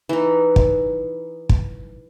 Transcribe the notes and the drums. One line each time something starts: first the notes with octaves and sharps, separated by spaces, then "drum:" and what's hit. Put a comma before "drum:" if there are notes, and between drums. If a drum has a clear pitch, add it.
E3 D#4
drum: kick
drum: kick